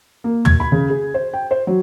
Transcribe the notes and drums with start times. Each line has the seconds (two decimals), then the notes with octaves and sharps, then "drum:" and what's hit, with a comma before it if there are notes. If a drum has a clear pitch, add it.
0.24 A#3
0.45 G#6, drum: tom
0.60 B5
0.72 C#3
0.90 G#4
1.14 C5
1.33 G5
1.51 C5
1.67 F#3